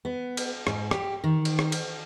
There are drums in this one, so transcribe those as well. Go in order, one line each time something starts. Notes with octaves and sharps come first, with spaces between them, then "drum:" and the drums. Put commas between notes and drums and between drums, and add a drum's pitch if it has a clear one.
B3
drum: cymbal
G#2, drum: rim click
G4, drum: rim click
D#3
drum: cymbal
drum: rim click
drum: cymbal